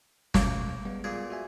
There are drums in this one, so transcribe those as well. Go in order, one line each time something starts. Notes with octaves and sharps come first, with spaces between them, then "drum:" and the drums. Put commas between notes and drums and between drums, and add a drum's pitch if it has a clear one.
C#2 B2 A3 A#3 G5 C#6, drum: snare
G3 G#3 B3
A#2 G#4
F#4 E5 G#5